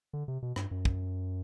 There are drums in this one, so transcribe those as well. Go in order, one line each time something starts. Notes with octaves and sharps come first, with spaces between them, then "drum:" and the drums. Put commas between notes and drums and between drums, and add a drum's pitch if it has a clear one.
D3
C3
B2
G2, drum: rim click
F#2
drum: kick